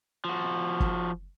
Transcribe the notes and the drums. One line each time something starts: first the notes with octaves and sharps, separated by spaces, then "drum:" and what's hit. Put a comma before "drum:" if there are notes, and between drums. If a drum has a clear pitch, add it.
F3 F#4
drum: kick